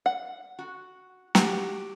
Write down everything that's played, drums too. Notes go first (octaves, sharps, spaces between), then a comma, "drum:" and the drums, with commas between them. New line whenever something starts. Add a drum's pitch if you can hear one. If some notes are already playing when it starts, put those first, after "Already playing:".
F#5
F#4
F#4 G4, drum: snare